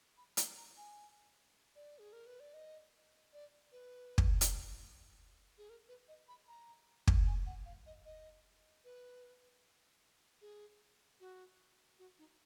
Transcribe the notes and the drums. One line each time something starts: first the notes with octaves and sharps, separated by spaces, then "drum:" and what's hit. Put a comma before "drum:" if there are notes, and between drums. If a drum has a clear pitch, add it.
B5
A#5, drum: hi-hat
A#5
G#5
D5
G#4
A#4
B4
D5
D#5
D5
B4
drum: kick
drum: hi-hat
G#4
A#4
B4
D#5
B5
A#5
drum: kick
G#5
F#5
F5
D#5
D#5
B4
G#4
F#4
F#4
D#4